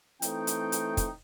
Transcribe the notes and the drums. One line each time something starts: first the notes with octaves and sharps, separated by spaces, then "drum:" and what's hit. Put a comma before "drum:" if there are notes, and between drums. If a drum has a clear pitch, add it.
E3 A3 C4 D#4 G5, drum: hi-hat
drum: hi-hat
drum: hi-hat
drum: kick, hi-hat